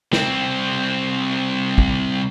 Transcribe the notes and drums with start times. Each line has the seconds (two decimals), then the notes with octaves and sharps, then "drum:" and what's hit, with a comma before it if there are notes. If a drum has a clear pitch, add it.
0.13 C2 C4, drum: snare
1.78 drum: kick